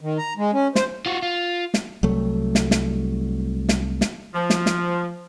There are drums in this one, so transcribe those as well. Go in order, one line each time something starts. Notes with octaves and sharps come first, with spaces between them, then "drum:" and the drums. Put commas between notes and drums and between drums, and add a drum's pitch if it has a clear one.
D#3
A#5
G#3
C#4
C5, drum: snare
F4 F#4
F4
drum: snare
C2 F#3 A3
drum: snare
drum: snare
drum: snare
drum: snare
F3
drum: snare
drum: snare